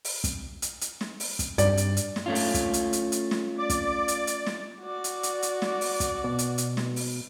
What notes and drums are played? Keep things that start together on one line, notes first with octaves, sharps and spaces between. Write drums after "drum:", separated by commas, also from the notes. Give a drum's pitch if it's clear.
drum: open hi-hat
drum: kick, hi-hat
drum: hi-hat
drum: hi-hat
drum: snare
drum: open hi-hat
drum: kick, hi-hat
G2 D5, drum: hi-hat
drum: hi-hat
drum: hi-hat
drum: snare
A3 C#4 F4
drum: open hi-hat
drum: kick, hi-hat
drum: hi-hat
drum: hi-hat
drum: hi-hat
drum: snare
D5 D6
drum: kick, hi-hat
drum: hi-hat
drum: hi-hat
drum: snare
F#4 D5
drum: hi-hat
drum: hi-hat
drum: hi-hat
drum: snare
drum: open hi-hat
drum: kick, hi-hat
B2
drum: hi-hat
drum: hi-hat
drum: snare
drum: open hi-hat